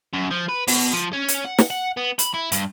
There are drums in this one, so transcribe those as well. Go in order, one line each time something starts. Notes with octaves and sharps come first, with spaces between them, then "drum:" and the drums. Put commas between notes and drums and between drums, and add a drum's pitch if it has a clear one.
F#2
F3
B4
B2, drum: open hi-hat
F3
C#4
drum: hi-hat
F#5
drum: snare
F#5
B3
B5, drum: hi-hat
E4
G2, drum: hi-hat